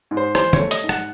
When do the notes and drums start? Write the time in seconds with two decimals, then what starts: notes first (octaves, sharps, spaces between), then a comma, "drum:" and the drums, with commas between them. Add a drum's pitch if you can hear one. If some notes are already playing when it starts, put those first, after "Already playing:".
0.11 G#2
0.17 C5
0.35 E3 C5, drum: rim click
0.53 C#5, drum: tom
0.59 A3
0.71 D#5, drum: hi-hat
0.84 G#2
0.89 F#5, drum: rim click